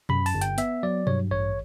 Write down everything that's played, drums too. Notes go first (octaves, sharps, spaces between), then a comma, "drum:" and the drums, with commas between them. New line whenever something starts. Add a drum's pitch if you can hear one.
F#2 B5, drum: tom B2
A5, drum: open hi-hat
G1
G5, drum: hi-hat
B3 E5, drum: hi-hat
F#3 D5
G2 C#5, drum: tom B2
A1 C#5